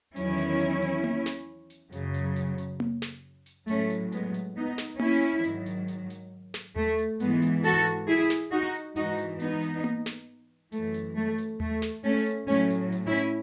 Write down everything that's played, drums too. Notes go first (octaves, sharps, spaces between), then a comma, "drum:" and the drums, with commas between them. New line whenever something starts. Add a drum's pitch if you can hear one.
E2 D#3 F#3 C#4 E4, drum: hi-hat
drum: hi-hat
drum: hi-hat
drum: hi-hat
drum: tom A#3
drum: snare
drum: hi-hat
F#2 C#3 F#3, drum: hi-hat
drum: hi-hat
drum: hi-hat
drum: hi-hat
drum: tom A#3
drum: snare
drum: hi-hat
A2 F#3 A3 C#4, drum: hi-hat
drum: hi-hat
G#3 B3, drum: hi-hat
drum: hi-hat
B3 D#4
drum: snare
C#4 E4, drum: tom A#3
drum: hi-hat
G#2 D#3 F#3, drum: hi-hat
drum: hi-hat
drum: hi-hat
drum: hi-hat
drum: snare
A3, drum: tom D#2
drum: hi-hat
G#2 E3 G#3 B3, drum: hi-hat
drum: hi-hat
F#4 A4, drum: hi-hat
drum: hi-hat
E4 G#4
drum: snare
D#4 F#4
drum: hi-hat
G#2 E3 D#4 F#4, drum: hi-hat
drum: hi-hat
B3 D#4, drum: hi-hat
drum: hi-hat
drum: tom A#3
drum: snare
F#2 E3 A3, drum: hi-hat
drum: hi-hat
A3
drum: hi-hat
A3, drum: tom D#2
drum: snare
A3 C#4
drum: hi-hat
A2 F#3 A3 C#4, drum: hi-hat
drum: hi-hat
drum: hi-hat
C#4 E4